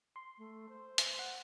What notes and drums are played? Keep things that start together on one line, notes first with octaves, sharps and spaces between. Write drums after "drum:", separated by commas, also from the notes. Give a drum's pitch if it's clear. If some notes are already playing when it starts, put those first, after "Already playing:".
C6
A3
C5
drum: hi-hat
F#5